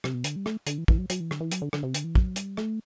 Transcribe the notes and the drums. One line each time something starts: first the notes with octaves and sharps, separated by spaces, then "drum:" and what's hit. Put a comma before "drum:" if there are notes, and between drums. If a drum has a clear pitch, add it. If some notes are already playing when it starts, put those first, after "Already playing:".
C3, drum: rim click
B2
D3, drum: hi-hat
G3
A3, drum: rim click
D3, drum: hi-hat
E3
E3, drum: kick
F#3
F#3, drum: hi-hat
E3
D3, drum: rim click
E3
F#3, drum: hi-hat
D3
D3, drum: rim click
C3
D3, drum: hi-hat
E3
F#3, drum: kick
G3, drum: hi-hat
A3, drum: rim click